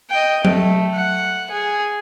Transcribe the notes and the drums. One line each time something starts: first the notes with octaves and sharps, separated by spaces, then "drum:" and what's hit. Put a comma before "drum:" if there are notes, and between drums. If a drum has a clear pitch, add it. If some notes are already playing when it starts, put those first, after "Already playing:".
D#5 G5
A3, drum: tom F#3
F#5
G#4